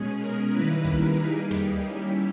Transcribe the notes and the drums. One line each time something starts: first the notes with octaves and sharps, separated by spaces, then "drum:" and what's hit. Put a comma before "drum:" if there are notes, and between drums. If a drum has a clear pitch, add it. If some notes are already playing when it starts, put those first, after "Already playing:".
Already playing: B2 G#3 C#4 G#4
A#4
D#3 G3 A#3 E4 B4, drum: open hi-hat
A#4, drum: kick
G3 A#3 D#4 G#4
G4, drum: tom
G3 C#4 E4 G4